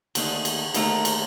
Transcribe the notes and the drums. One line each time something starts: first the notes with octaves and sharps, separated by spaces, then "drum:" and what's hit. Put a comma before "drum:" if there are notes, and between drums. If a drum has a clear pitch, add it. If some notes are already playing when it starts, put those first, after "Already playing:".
D#2 D3 A3 D#4, drum: cymbal
drum: cymbal
D#2 D3 A3 D#4 A#4 A#5, drum: cymbal
drum: cymbal